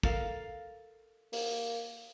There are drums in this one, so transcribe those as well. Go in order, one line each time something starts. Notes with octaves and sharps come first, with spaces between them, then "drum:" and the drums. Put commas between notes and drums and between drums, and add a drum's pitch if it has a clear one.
A4 A#4 F5, drum: kick
A#3, drum: open hi-hat